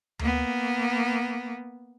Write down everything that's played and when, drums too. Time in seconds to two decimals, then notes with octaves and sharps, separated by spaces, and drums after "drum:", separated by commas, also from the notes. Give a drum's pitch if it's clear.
0.19 A#3 B3, drum: tom D2